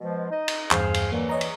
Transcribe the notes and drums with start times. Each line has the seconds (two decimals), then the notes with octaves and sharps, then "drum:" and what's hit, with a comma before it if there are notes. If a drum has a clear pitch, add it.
0.01 B2 F3 G#3
0.31 D#4 D#5
0.48 drum: cymbal
0.71 E2 G2 G#4 C5 F5, drum: clap
0.94 drum: cymbal
1.12 D3 E3 F#3 A#3
1.29 C#5 D#5 A#5
1.41 drum: cymbal